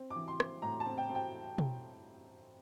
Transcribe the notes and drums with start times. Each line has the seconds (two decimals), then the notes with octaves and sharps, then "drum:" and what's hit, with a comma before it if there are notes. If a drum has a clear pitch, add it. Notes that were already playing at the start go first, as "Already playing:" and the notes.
Already playing: C4
0.10 D6
0.16 E3
0.28 C6
0.40 C4, drum: rim click
0.62 A2 A#5
0.80 A5
0.86 C4
0.98 G5
1.09 C4
1.15 G5
1.58 drum: tom B2